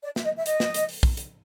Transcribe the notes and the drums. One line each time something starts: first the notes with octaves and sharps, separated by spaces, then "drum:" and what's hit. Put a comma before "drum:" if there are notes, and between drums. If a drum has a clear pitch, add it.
D5
E5, drum: snare
D#5
E5
D#5, drum: hi-hat
drum: snare
drum: hi-hat
drum: open hi-hat
drum: kick
drum: hi-hat